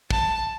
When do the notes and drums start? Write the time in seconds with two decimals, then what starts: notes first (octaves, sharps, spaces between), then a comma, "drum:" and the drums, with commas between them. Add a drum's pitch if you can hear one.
0.11 A5, drum: kick